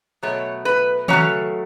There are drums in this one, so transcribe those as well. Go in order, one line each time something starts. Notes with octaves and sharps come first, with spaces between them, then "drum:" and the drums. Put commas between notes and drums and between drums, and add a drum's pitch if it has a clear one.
B2 F#3 A3 C#5
B4
C#3 F#3 A3 C#5, drum: tom D#3